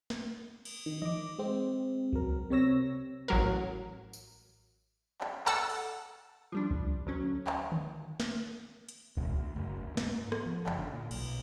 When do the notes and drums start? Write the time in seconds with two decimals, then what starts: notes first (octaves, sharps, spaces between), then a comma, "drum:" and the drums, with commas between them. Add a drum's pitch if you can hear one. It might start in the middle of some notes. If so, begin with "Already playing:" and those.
0.10 drum: snare
0.65 drum: cymbal
0.86 D#3
1.02 D#5 D6, drum: tom E3
1.39 G#3 C4
2.13 F#3 A#4, drum: kick C2
2.50 C3 C4 C#5 E6 A#6
3.28 A1 F#3 A#4
4.13 drum: tambourine
5.21 drum: clap
5.46 A4 F#5 A5 E6, drum: clap
5.70 drum: open hi-hat
6.52 F3 G3 D4
6.71 drum: kick C2
7.07 D2 F#3 C#4
7.47 drum: clap
7.72 drum: tom D3
8.20 drum: snare
8.89 drum: hi-hat
9.17 E1, drum: kick C2
9.37 D2
9.56 F#1
9.81 D2
9.97 G#2, drum: snare
10.32 B3, drum: rim click
10.46 F3
10.66 F#1, drum: clap
10.79 D3
10.93 A#2
11.11 B1, drum: cymbal